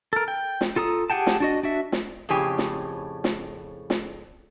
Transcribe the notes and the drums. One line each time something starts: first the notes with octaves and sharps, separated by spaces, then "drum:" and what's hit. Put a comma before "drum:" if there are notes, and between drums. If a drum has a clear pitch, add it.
A4 A#4
G5
drum: snare
F4 A4 A#5 D#6
G4 G#4 F#5 G5 A5
drum: snare
D4 F#4 D#5
D4 F#4 E5
drum: snare
F2 A2 C#3 G4 G#5
drum: snare
drum: snare
drum: snare